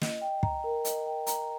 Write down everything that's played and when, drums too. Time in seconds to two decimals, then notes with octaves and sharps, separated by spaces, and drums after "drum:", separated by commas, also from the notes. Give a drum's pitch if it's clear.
0.01 D#5, drum: snare
0.21 G5
0.43 A#5, drum: kick
0.64 A#4
0.85 D#5, drum: hi-hat
1.06 G5
1.27 A#5, drum: hi-hat